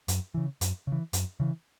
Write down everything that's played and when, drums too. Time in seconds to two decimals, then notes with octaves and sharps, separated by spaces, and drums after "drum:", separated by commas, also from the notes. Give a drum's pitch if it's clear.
0.08 F#2, drum: hi-hat
0.34 C#3 E3
0.61 F#2, drum: hi-hat
0.87 C#3 E3
1.13 F#2, drum: hi-hat
1.40 C#3 E3